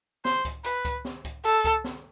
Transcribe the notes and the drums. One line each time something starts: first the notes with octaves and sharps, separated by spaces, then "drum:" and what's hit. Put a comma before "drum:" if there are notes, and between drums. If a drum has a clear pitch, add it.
C5, drum: snare
drum: kick C#2, hi-hat
B4, drum: hi-hat
drum: kick C#2, hi-hat
drum: snare
drum: kick C#2, hi-hat
A4, drum: hi-hat
drum: kick C#2, hi-hat
drum: snare